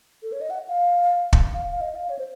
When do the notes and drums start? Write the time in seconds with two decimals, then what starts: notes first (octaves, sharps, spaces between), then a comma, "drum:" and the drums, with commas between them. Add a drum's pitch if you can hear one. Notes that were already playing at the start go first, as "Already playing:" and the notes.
0.23 A4
0.32 C#5
0.41 D#5
0.50 F#5
0.69 F5
1.33 drum: kick
1.54 F5
1.72 F5
1.81 D#5
1.95 F5
2.09 C#5
2.19 C5